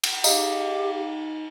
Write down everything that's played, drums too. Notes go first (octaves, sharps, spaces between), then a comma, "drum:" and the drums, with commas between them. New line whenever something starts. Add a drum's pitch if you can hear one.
drum: cymbal
D#4 G4 G#4 F5, drum: tambourine